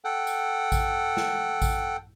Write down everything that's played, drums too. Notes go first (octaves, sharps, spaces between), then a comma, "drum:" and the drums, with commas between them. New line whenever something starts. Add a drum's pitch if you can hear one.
A4 F#5 G5
drum: tambourine
drum: kick A1, tambourine
drum: snare
drum: kick A1, tambourine